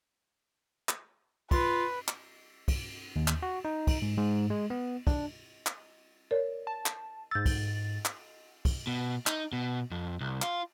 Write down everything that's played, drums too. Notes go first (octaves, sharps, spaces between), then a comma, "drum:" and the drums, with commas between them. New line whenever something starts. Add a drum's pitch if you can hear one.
drum: clap
F4 B4, drum: kick, cymbal
drum: clap
drum: kick, cymbal
D#2
drum: clap
F#4
D#4
drum: kick, cymbal
G#2
G#2
G#3
B3
D4, drum: kick, cymbal
drum: clap
A#4 C#5 D5
A5
drum: clap
G#2 E6 G6 A6
drum: kick, cymbal
drum: clap
drum: kick, cymbal
B2
D#4, drum: clap
B2
F2
C2
F4, drum: clap